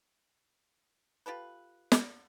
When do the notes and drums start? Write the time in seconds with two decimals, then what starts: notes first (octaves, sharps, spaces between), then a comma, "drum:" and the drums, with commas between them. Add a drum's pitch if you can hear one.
1.26 F4 G4 A4 B4
1.92 drum: snare